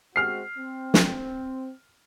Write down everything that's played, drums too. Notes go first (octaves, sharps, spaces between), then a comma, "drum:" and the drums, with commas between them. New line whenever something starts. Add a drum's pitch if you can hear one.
G#3 C4 F#4 F6 C7
C4
drum: snare